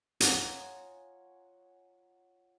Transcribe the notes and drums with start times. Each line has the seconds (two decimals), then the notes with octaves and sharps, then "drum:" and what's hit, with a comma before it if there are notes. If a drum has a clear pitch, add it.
0.20 F4 C#5 D#5 F#5 G#5 A#5, drum: hi-hat